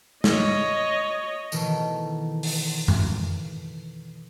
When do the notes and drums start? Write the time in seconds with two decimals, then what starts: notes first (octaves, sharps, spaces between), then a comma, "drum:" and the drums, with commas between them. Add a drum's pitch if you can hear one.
0.24 C#5 D#5, drum: snare
1.52 B2 D#3 E3 A3, drum: tambourine
2.43 drum: open hi-hat
2.88 drum: tom F2